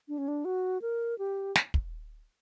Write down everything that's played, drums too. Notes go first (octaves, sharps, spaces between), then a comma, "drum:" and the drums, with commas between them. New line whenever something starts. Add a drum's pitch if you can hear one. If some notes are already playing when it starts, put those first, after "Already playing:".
D4
C#4
D4
F#4
A#4
G4
drum: snare
drum: kick